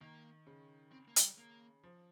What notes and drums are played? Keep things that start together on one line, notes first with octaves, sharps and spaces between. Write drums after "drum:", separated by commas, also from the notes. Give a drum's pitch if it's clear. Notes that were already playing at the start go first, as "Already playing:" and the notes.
D#3 A#3
C#3
C4
A#3
G#3, drum: hi-hat
G3
A#3
F3